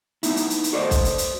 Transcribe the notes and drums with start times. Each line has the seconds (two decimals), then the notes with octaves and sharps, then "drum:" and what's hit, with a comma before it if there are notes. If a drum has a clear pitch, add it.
0.23 B3 D#4 E4, drum: hi-hat
0.37 drum: hi-hat
0.50 drum: hi-hat
0.64 drum: hi-hat
0.73 F#4 A4 C5 D5 D#5
0.91 drum: kick B1, hi-hat
1.05 drum: hi-hat
1.18 drum: hi-hat